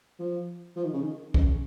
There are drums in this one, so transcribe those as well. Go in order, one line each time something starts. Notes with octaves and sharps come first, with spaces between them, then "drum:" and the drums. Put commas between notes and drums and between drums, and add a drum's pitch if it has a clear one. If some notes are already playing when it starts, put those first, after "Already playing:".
F3
F3
D#3
C#3
D#3
C#3, drum: kick